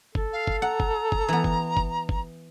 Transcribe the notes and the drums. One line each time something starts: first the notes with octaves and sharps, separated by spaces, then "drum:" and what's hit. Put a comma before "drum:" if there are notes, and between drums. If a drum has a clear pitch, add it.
A4, drum: kick
F5
drum: kick
F#5 A#5
drum: kick
drum: kick
E3 B3
drum: kick
drum: kick
drum: kick